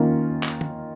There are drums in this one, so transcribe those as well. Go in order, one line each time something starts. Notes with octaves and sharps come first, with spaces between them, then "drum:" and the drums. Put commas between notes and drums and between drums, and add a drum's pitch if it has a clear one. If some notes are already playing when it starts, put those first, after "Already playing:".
Already playing: D#3 A#3 C#4 F4
drum: clap
drum: tom